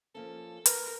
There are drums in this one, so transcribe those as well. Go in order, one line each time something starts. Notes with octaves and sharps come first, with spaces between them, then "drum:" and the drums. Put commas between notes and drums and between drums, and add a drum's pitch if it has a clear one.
F3 A#3 C#4 A4
A#4 B4, drum: hi-hat